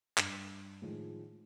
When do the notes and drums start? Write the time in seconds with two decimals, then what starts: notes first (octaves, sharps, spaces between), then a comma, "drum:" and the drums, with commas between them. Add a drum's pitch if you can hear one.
0.18 G2, drum: clap
0.82 A2 D#3 F3 G#3